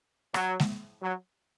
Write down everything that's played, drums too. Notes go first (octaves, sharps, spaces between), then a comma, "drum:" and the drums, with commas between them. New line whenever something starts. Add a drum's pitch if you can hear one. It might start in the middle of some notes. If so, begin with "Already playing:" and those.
F#3, drum: rim click
drum: snare G#3
F#3